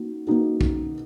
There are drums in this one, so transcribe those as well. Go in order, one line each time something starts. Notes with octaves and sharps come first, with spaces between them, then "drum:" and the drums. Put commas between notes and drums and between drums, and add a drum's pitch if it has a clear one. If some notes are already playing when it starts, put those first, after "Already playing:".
Already playing: A#3 D#4 F#4
A#3 D#4 F#4
drum: kick